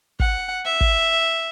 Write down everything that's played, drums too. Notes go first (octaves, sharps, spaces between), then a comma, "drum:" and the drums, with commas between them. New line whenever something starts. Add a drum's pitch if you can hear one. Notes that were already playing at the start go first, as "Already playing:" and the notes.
F#5, drum: kick
E5
drum: kick